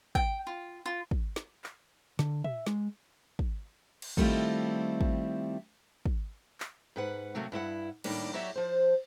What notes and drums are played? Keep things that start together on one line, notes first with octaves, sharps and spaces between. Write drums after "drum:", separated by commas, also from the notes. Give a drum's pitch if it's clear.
G5, drum: kick
F4
F4
drum: kick
drum: snare
drum: clap
D3, drum: snare
E5, drum: tom
G#3, drum: snare
drum: kick
drum: cymbal
D#3 G3 A3 C4 E4 F4, drum: kick
drum: kick
drum: kick
drum: clap
G#2 B4 F#5
C3 F#3 A3 A#3 F#4
G2 E4 B4 F#5
A2 D#3 G3 A#3 D4, drum: cymbal
F#3 F#4 G4 C#5 D5 E5
F3 C5